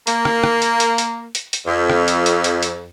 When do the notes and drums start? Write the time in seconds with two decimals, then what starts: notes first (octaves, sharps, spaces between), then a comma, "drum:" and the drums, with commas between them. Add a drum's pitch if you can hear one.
0.07 A#3, drum: hi-hat
0.25 drum: rim click
0.44 drum: rim click
0.62 drum: hi-hat
0.80 drum: hi-hat
0.98 drum: hi-hat
1.35 drum: hi-hat
1.53 drum: hi-hat
1.67 F2
1.90 drum: rim click
2.08 drum: hi-hat
2.26 drum: hi-hat
2.44 drum: hi-hat
2.63 drum: hi-hat